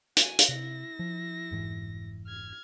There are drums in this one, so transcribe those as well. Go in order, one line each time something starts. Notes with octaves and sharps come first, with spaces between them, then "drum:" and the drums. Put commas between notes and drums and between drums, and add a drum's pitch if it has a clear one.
F#4 G#5, drum: hi-hat
drum: hi-hat
C3 E4 A#6
F3
F1 G#2 E3
F6 G#6